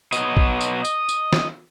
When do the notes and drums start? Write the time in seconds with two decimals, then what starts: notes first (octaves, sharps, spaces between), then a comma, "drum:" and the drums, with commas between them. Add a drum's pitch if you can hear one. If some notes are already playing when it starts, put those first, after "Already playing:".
0.12 B2 F#3 D#5, drum: tambourine
0.37 drum: kick
0.61 drum: tambourine
0.85 drum: tambourine
1.09 drum: tambourine
1.33 drum: snare